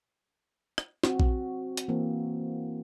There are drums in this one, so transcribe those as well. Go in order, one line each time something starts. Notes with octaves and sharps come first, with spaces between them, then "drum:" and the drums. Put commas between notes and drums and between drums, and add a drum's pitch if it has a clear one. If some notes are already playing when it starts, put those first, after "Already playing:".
drum: rim click
C4 F#4, drum: snare
drum: kick A#1
drum: hi-hat
E3 A#3 C4